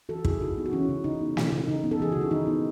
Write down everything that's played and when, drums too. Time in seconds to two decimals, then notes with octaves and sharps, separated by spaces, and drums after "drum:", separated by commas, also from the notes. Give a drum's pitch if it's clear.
0.09 E3 F#4 A4
0.25 C#3 E4 G#4, drum: kick
0.41 C#3 D#4 F#4
0.57 B3
0.66 F#4
0.73 E3 C#4 E4
0.89 C#3
1.04 C#3 D#4
1.21 B3
1.37 E3, drum: snare
1.52 C#3
1.68 C#3 D#4
1.84 B3
1.91 A4
2.00 E3 G#4
2.12 C#3 F#4
2.21 E4
2.31 D#3 D#4
2.47 B3